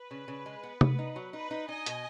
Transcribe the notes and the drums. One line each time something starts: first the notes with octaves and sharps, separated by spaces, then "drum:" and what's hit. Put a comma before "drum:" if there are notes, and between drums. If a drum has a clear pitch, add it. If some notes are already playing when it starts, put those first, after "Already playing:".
Already playing: B4
C#3
C#3
G#3
B3
B3, drum: tom C3
D#4
F#3
D#4 B4
D#4
D#4 D#5 G#5
B2, drum: hi-hat